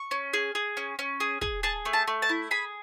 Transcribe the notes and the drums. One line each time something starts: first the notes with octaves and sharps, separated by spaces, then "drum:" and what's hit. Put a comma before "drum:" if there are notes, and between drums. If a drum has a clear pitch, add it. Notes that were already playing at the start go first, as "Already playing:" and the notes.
Already playing: C#6
C#4
G#4
G#4
C#4
C#4
G#4
G#4, drum: kick
G#4 A5
A3
A5
A3
A5
E4
G#4 B5